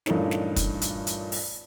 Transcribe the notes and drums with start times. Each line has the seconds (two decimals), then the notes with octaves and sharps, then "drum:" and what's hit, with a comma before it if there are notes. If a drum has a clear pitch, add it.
0.06 G2 A#2 E3 A3 C#4 D#4, drum: snare
0.31 drum: snare
0.56 drum: kick, hi-hat
0.82 drum: hi-hat
1.07 drum: hi-hat
1.32 drum: open hi-hat